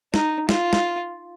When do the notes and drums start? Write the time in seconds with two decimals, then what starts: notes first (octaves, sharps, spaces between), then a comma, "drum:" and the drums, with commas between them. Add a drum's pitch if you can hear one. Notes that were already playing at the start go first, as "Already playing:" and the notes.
0.14 D#4, drum: snare
0.49 F4, drum: snare
0.73 drum: snare